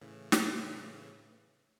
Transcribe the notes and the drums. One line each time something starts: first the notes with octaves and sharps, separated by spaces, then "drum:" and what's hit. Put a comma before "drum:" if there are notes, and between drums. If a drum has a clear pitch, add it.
A2 C#3 E3
drum: snare